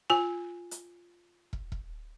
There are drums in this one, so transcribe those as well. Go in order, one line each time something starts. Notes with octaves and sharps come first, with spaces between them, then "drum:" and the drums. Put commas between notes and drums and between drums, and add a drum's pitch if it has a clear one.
F4 G#5
drum: hi-hat
drum: kick
drum: kick